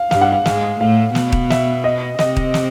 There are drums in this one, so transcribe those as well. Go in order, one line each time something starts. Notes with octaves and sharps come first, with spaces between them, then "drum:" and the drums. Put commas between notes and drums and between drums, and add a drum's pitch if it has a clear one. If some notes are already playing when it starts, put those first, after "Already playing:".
Already playing: F5
G2 G3 F5, drum: snare
F#5
F5
G#2 G#3 F5, drum: snare
A2 A3 F5
B2 B3, drum: snare
drum: kick D#1
E5, drum: snare
D#5
C3 C4 D#5, drum: snare
drum: kick D#1
drum: snare